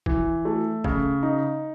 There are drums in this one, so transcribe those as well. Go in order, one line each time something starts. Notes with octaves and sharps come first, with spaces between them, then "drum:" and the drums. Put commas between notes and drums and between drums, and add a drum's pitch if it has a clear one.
E3, drum: kick
A3
C#3, drum: kick
D#4